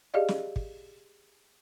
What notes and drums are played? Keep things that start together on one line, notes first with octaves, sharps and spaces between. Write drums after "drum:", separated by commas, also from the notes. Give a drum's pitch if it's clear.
G4 G#4 D5 D#5 F5
drum: snare
drum: kick